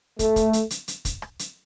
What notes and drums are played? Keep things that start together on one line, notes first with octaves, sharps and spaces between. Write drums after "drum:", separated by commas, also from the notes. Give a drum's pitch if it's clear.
A3, drum: kick, hi-hat
drum: kick, hi-hat
drum: hi-hat
drum: hi-hat
drum: hi-hat
drum: kick, hi-hat
drum: rim click
drum: hi-hat